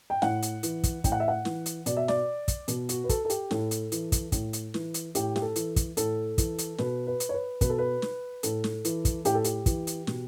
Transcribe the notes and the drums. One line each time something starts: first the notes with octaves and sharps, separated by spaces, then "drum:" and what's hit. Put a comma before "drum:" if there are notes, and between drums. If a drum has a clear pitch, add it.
G5
A2 F#5, drum: snare
drum: hi-hat
E3, drum: hi-hat
drum: kick, hi-hat
A2 G5, drum: kick, hi-hat
F#5
E5
F#5
E3, drum: snare
drum: hi-hat
B2 D5, drum: hi-hat
E5
D5, drum: snare
drum: kick, hi-hat
B2, drum: hi-hat
F#4, drum: hi-hat
B4
A4, drum: kick, hi-hat
A4
G4, drum: hi-hat
A2 A4, drum: snare
drum: hi-hat
E3, drum: hi-hat
drum: kick, hi-hat
A2, drum: kick, hi-hat
drum: hi-hat
E3, drum: snare
drum: hi-hat
A2 G4, drum: hi-hat
G4, drum: snare
A4
E3, drum: hi-hat
drum: kick, hi-hat
A2 A4, drum: hi-hat
E3, drum: kick, hi-hat
drum: hi-hat
B2 B4, drum: snare
B4
drum: hi-hat
C#5
B4
B2 B4, drum: kick, hi-hat
A4
B4
drum: snare
A2 A4, drum: hi-hat
drum: snare
E3, drum: hi-hat
drum: kick, hi-hat
A2 G4, drum: hi-hat
A4
G4, drum: hi-hat
E3, drum: kick, hi-hat
drum: hi-hat
B2, drum: snare